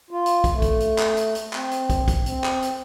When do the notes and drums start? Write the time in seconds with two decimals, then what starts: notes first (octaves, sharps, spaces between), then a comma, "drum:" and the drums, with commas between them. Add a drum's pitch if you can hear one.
0.11 F4
0.26 drum: hi-hat
0.44 drum: kick, hi-hat
0.53 A3
0.62 drum: kick, hi-hat
0.80 drum: hi-hat
0.99 drum: clap
1.17 drum: hi-hat
1.35 drum: hi-hat
1.53 C4, drum: clap
1.71 drum: hi-hat
1.90 drum: kick, hi-hat
2.08 drum: kick, hi-hat
2.26 C4, drum: hi-hat
2.44 drum: clap
2.62 drum: hi-hat